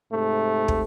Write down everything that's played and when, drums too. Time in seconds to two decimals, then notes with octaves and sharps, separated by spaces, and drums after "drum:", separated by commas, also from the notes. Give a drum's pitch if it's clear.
0.12 G#2 C3 A3
0.68 drum: kick